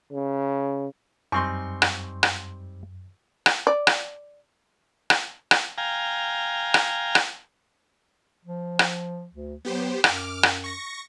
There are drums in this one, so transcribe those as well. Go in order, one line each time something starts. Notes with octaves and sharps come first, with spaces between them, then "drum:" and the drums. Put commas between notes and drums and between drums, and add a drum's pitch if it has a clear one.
C#3
F#2 G3 C4 D#4 G#5 C6 C#6
drum: rim click
drum: rim click
drum: rim click
D5
drum: rim click
drum: rim click
drum: rim click
F5 G5 G#5 A#5
drum: rim click
drum: rim click
F3
drum: rim click
D2
F#3 B3 G4 C5
F#2 D6 F6, drum: rim click
drum: rim click
C#6 A#6